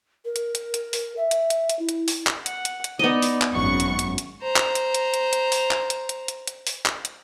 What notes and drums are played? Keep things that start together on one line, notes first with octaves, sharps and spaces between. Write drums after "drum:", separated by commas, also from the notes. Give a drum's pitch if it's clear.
A#4
drum: hi-hat
drum: hi-hat
drum: hi-hat
drum: open hi-hat
E5
drum: hi-hat
drum: hi-hat
drum: hi-hat
E4
drum: hi-hat
drum: open hi-hat
drum: clap
F#5, drum: hi-hat
drum: hi-hat
drum: hi-hat
B3 D#4 D5 D#5
drum: open hi-hat
drum: clap
G#1 F#2 F#5 C#6
drum: hi-hat
drum: hi-hat
drum: hi-hat
C5 A#5
drum: clap
drum: hi-hat
drum: hi-hat
drum: hi-hat
drum: hi-hat
drum: open hi-hat
drum: clap
drum: hi-hat
drum: hi-hat
drum: hi-hat
drum: hi-hat
drum: open hi-hat
drum: clap
drum: hi-hat